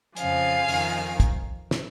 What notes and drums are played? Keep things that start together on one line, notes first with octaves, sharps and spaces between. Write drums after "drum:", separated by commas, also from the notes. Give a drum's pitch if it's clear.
F2 C#3 F3 F5 G#5, drum: hi-hat
F2 D#3, drum: open hi-hat
drum: kick, hi-hat
drum: snare